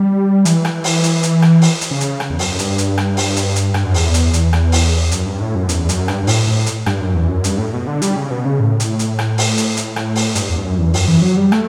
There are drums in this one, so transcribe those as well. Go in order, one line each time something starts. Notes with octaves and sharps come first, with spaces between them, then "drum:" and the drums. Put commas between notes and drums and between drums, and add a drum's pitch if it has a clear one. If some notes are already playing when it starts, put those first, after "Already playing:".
Already playing: G3
E3, drum: hi-hat
drum: rim click
drum: open hi-hat
drum: hi-hat
drum: hi-hat
drum: rim click
drum: open hi-hat
drum: hi-hat
C#3
drum: hi-hat
drum: rim click
E2
F#2, drum: open hi-hat
G2, drum: hi-hat
drum: hi-hat
drum: rim click
drum: open hi-hat
drum: hi-hat
drum: hi-hat
G2, drum: rim click
F#2
E2, drum: open hi-hat
drum: hi-hat
drum: hi-hat
drum: rim click
drum: open hi-hat
F#2, drum: hi-hat
G2
A2
F#2
E2, drum: hi-hat
E2
F#2, drum: hi-hat
G2, drum: rim click
G2
A2, drum: open hi-hat
A2
drum: hi-hat
G2, drum: rim click
F#2
E2
F#2
G2, drum: hi-hat
A2
B2
D3
G3, drum: hi-hat
C#3
B2
C#3
A2
drum: hi-hat
drum: hi-hat
drum: rim click
drum: open hi-hat
drum: hi-hat
drum: hi-hat
drum: rim click
drum: open hi-hat
G2, drum: hi-hat
E2
G2
F#2
E2
F#2, drum: open hi-hat
E3
F#3
G3
A3, drum: rim click